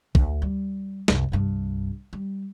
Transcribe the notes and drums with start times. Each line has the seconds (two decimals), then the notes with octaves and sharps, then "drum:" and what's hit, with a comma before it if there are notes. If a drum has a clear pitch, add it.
0.15 D2, drum: kick
0.42 G3
1.08 C2 F#2, drum: snare
1.32 C2 G2
2.13 G3